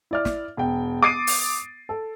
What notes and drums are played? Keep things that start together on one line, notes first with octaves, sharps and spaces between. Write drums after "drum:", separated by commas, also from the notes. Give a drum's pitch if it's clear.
E4 D5 F6
drum: snare
E1 G5
D6 D#6 A6 C7 D7 D#7
drum: open hi-hat
A4